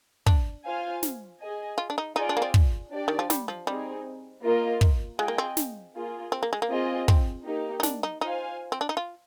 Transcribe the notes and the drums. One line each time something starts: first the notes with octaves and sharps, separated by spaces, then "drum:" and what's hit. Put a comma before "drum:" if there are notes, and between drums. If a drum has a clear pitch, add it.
D4, drum: kick
F4 C5 F5 G#5
drum: snare
G#4 D#5 G#5
F4
D4
D#4
D#4 F4 G#4 D5
D4
A#3
C4
drum: kick
D4 G4 D5
D#3
F3
G3, drum: snare
F3
G3 C4 D#4 G#4
A#3 F4 A#4 D#5
drum: kick
G#3 F4 G#4 D#5 G5
A#3
C4
drum: snare
A#3 F4 G#4
C4
A#3
G#3
A#3
C4 F4 G#4 D#5
C4, drum: kick
A#3 D#4 G4
D#4
D4, drum: snare
D#4
D#4 F4 C5 F5 G#5
C4
D4
D#4
F4